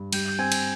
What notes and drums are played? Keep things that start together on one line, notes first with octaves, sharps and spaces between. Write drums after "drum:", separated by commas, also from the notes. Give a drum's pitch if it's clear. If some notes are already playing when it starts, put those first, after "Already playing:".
Already playing: G2
G3 G6, drum: cymbal
G6
C4 G#5 G#6
drum: cymbal